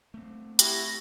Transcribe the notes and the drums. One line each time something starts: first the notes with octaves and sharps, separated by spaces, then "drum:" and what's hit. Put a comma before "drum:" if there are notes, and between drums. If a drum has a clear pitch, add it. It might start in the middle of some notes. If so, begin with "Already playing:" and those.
A3 C4
E4 F#4 G4 A#6, drum: hi-hat